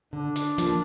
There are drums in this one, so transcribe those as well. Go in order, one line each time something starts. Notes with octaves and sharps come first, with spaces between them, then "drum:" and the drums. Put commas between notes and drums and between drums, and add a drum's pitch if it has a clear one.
D3 D4
drum: hi-hat
F3 A#3, drum: hi-hat